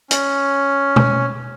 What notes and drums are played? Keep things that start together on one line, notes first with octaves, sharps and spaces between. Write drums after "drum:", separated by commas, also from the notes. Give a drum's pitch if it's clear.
C#4, drum: hi-hat
drum: tom B2